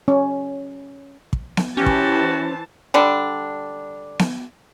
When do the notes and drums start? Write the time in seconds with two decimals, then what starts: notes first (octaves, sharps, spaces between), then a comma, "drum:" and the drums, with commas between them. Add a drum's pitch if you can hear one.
0.08 C#4
1.33 drum: kick
1.57 drum: snare B3
1.77 E3 C#4 F#4 G4 C5 A5
1.86 drum: kick
2.94 D3 G3 D4
4.19 drum: snare B3